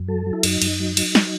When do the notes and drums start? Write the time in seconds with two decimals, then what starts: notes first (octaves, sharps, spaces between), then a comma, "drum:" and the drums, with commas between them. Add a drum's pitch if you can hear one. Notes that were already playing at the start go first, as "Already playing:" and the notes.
Already playing: F#2
0.08 F#3 A4
0.26 F#3
0.33 E4
0.43 F#2 D#4, drum: cymbal
0.62 F#2, drum: cymbal
0.80 F#3
0.97 F#3, drum: cymbal
1.15 drum: snare